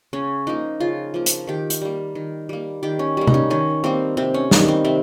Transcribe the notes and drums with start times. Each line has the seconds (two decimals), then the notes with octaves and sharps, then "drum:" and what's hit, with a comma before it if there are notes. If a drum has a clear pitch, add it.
0.13 C#3 C#4
0.47 F3 A#3 D#4
0.80 C#3 F4
1.14 F3 A#3
1.26 drum: hi-hat
1.47 D#3 G4
1.70 drum: hi-hat
1.82 G3 A#3
2.15 D#3
2.49 G3 A#3
2.83 D#3 G4
2.99 C#4
3.17 G3 A#3
3.27 D#4, drum: tom C3
3.34 C#4
3.50 D#3 C#4
3.84 G3 A#3 C4
4.17 C3 C4
4.34 C#4
4.51 D#3 G3 A#3 D#4, drum: snare
4.68 C4
4.85 C3 C4